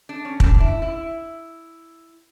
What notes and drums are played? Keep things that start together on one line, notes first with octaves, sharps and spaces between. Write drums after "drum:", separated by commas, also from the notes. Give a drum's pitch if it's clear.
D4
C#4
D4, drum: kick
E4
E4